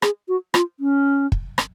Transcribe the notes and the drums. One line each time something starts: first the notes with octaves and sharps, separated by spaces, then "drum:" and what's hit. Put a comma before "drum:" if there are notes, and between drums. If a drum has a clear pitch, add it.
G#4, drum: rim click
F#4
F4, drum: rim click
C#4
drum: kick
drum: rim click